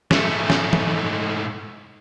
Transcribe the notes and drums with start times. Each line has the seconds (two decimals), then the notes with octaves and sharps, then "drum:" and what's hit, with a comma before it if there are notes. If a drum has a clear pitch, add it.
0.11 G#2 A3, drum: snare
0.50 drum: snare
0.73 drum: tom E3